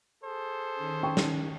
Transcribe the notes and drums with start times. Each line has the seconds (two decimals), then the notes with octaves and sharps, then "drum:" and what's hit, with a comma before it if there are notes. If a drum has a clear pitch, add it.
0.23 G#4 A4 C5
0.75 D#3 C#4
1.03 G5 C#6
1.17 drum: snare